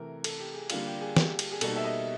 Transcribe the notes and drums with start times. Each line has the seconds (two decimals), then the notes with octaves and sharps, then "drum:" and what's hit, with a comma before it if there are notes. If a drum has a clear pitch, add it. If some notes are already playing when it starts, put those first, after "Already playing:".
Already playing: C3 E3 A3 A#4
0.24 A4, drum: cymbal
0.39 G4
0.54 G#4
0.70 D3 G3 A#3 D4 F4, drum: cymbal
0.86 G4
1.01 G#4
1.16 G4, drum: snare
1.39 drum: cymbal
1.52 G#4
1.61 B2 G3 A#3 D#4 A4, drum: cymbal
1.76 E5
1.84 D#5